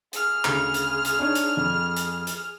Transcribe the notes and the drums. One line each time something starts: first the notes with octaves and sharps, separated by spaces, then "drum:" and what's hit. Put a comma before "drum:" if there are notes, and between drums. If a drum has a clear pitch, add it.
G#4 F6, drum: hi-hat
D2 C#3, drum: clap
drum: hi-hat
drum: hi-hat
D4 D#4 C#5
drum: hi-hat
F2
drum: hi-hat
drum: hi-hat